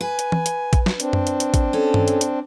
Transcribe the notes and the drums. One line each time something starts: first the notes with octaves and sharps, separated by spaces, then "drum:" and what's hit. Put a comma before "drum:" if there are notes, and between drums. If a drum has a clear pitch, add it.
B4 G#5
drum: hi-hat
drum: tom E3
drum: hi-hat
drum: kick A1, hi-hat
drum: snare
C4 D4, drum: hi-hat
drum: tom F#2
drum: hi-hat
drum: hi-hat
drum: kick A1, hi-hat
C#4 A4
drum: tom G2
drum: hi-hat
drum: hi-hat